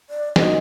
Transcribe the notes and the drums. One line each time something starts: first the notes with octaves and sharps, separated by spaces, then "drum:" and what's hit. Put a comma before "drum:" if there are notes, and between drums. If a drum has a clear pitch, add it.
D5
F#3 A#3 D#4 F#4 D#5, drum: snare